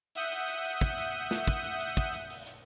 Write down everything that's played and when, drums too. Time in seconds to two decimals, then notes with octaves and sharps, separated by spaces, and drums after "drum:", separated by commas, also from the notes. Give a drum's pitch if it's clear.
0.15 E5 F#5 D#6 G6 D#7, drum: hi-hat
0.32 drum: hi-hat
0.48 drum: hi-hat
0.65 drum: hi-hat
0.81 drum: kick, hi-hat
0.98 drum: hi-hat
1.31 drum: snare
1.47 drum: kick, hi-hat
1.64 drum: hi-hat
1.81 drum: hi-hat
1.97 drum: kick, hi-hat
2.14 drum: hi-hat
2.30 drum: open hi-hat
2.47 drum: hi-hat